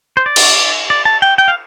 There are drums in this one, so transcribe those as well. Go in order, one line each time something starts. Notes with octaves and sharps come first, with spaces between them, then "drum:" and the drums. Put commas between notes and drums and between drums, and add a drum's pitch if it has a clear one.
C5
D5
drum: cymbal
D5
A5
G5
G5
F5